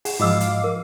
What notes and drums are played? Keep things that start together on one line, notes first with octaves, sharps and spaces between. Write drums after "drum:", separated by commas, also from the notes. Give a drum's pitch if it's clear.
G#4 F#5, drum: open hi-hat
G#2 F3 F#4 D#5 F5 D6 E6
drum: hi-hat
A#4